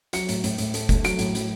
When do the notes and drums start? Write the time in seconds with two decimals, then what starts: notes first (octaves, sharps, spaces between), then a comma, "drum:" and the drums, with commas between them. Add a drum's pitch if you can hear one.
0.13 F#3 C#7, drum: hi-hat
0.29 A2, drum: hi-hat
0.44 A2, drum: hi-hat
0.58 A2, drum: hi-hat
0.74 A3, drum: hi-hat
0.89 A3, drum: kick F1, hi-hat
1.04 F#3 D7, drum: hi-hat
1.19 A2, drum: hi-hat
1.35 F#3, drum: hi-hat